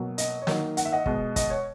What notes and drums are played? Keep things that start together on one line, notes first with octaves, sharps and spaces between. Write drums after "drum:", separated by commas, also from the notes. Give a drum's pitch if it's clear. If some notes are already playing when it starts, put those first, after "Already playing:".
Already playing: B2 F#3 A#3
D#5, drum: hi-hat
C#5
D#3 F#3 A#3 D#5, drum: snare
F#5, drum: hi-hat
E5
D#5 F#5
B2 G#3 D#5, drum: kick
D#5, drum: kick, hi-hat
C#5